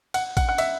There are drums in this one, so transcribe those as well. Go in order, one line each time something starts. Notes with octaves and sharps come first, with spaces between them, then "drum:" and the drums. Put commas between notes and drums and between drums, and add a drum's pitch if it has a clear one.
F#5, drum: cymbal
F#5, drum: kick, cymbal
F#5
E5, drum: cymbal